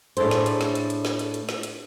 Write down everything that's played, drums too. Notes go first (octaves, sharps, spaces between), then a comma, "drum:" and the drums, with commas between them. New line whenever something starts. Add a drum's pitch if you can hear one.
A2 D4 G#4 A4 C5, drum: hi-hat
drum: snare
drum: hi-hat
drum: snare
drum: hi-hat
drum: hi-hat
drum: snare
drum: hi-hat
drum: hi-hat
drum: snare
drum: hi-hat